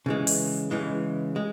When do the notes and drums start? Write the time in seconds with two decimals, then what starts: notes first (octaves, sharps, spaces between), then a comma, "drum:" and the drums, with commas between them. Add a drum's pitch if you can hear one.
0.06 C#3 E3 G#3
0.27 drum: open hi-hat
0.71 C#3 E3 G#3
1.36 G#3